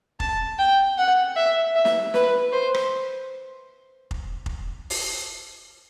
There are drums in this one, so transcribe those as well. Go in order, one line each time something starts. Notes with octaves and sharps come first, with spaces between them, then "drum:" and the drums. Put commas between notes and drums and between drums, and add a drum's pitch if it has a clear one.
A5, drum: kick F1
G5
F#5
E5
E5
drum: snare
B4, drum: snare
C5
drum: rim click
drum: kick F1
drum: kick F1
drum: open hi-hat